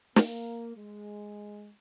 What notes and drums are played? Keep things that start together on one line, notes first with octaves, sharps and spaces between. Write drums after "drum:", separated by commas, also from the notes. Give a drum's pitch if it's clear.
A#3, drum: snare
G#3